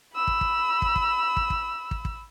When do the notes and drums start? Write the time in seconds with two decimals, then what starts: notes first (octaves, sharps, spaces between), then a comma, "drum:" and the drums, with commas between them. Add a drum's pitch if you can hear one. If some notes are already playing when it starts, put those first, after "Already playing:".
0.14 B5 E6
0.27 drum: kick
0.41 drum: kick
0.82 drum: kick
0.96 drum: kick
1.37 drum: kick
1.50 drum: kick
1.91 drum: kick
2.05 drum: kick